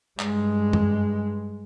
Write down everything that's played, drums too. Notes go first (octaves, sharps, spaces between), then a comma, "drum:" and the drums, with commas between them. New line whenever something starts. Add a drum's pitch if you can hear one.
G2 G#3, drum: clap
drum: tom F#2